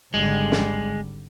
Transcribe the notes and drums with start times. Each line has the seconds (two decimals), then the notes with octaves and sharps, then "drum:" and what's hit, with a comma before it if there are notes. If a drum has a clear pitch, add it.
0.14 G#1 D3 G3 G#3
0.52 drum: snare